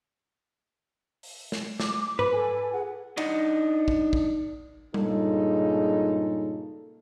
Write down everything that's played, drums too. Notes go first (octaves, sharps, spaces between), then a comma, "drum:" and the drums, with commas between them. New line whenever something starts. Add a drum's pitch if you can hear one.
drum: open hi-hat
drum: snare
D6, drum: snare
B4, drum: tom G#2
A4 G#5
F4 G#4 F#5
D4 D#4 D#5 F#5, drum: cymbal
drum: kick
drum: kick
G2 A#2 C#3 G#3 D#4 A4, drum: tom G3